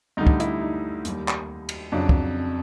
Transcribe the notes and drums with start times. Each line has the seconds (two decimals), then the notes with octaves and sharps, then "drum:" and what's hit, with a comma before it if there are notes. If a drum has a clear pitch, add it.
0.17 D2 D3 G3 D#4
0.27 drum: kick
0.40 E4, drum: hi-hat
0.61 D#4
1.05 D#2 D#3 G3, drum: hi-hat
1.28 drum: clap
1.69 drum: cymbal
1.92 F2 C#3 F#3 D4
2.09 drum: kick